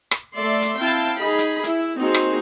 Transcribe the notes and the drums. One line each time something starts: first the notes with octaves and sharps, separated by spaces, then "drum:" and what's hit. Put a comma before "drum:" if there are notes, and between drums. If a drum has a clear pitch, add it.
drum: rim click
A3 D5 E5 C6
drum: hi-hat
C4 E4 F5 G5 A5
D#4 G#4 B5
drum: hi-hat
E4, drum: hi-hat
A#3 C4 D#4 F#4 G#4 C5
drum: rim click